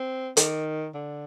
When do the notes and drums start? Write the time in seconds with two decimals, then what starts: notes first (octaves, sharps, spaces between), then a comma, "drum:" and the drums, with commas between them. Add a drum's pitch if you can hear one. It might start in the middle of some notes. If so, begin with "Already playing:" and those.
Already playing: C4
0.37 D#3, drum: hi-hat
0.94 D3